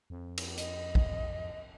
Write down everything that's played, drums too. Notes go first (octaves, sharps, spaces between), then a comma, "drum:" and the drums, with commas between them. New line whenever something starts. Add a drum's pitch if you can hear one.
F2
drum: cymbal
D#5, drum: hi-hat
drum: kick